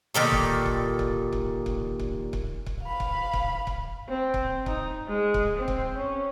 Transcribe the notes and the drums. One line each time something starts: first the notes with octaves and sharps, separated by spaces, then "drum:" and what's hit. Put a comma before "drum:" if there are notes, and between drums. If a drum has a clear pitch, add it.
A#2 D#3 G3 A4
drum: kick C#1
drum: kick C#1
drum: kick C#1
drum: kick C#1
drum: kick C#1
drum: kick C#1
drum: kick C#1
drum: kick C#1
F5 B5
drum: kick C#1
drum: kick C#1
drum: kick C#1
C4
drum: kick C#1
D#4, drum: kick C#1
G#3
drum: kick C#1
C4
drum: kick C#1
C#4